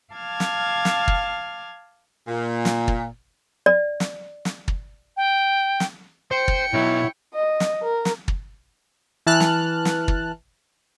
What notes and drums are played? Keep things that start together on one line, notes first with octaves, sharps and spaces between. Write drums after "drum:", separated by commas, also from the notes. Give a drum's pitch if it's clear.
F5 A5 D6 F6 G#6
drum: snare
drum: snare
drum: kick
A#2
drum: snare
drum: kick
D5
drum: snare
drum: snare
drum: kick
G5
drum: snare
C5 G5 C#7
drum: kick
B2 F#3 E4 C#5
D#5
drum: snare
A#4
drum: snare
drum: kick
E3 A5 F6 F#6
drum: snare
drum: snare
drum: kick